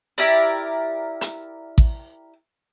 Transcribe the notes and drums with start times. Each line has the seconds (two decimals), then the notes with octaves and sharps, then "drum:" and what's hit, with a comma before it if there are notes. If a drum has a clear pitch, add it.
0.18 E4 G4 A#4 D5
1.21 drum: hi-hat
1.78 drum: kick A1